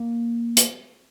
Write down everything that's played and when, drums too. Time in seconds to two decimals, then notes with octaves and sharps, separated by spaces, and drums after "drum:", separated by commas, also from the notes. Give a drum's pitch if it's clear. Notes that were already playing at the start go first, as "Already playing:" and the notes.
Already playing: A#3
0.57 drum: hi-hat